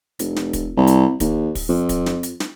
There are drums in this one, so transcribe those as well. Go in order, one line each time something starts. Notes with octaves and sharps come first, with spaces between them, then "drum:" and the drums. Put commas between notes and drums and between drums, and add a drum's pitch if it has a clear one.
F1, drum: hi-hat
drum: snare
drum: kick, hi-hat
C2
drum: hi-hat
D#2, drum: kick, hi-hat
drum: kick, open hi-hat
F2
drum: kick, hi-hat
drum: snare
drum: hi-hat
drum: snare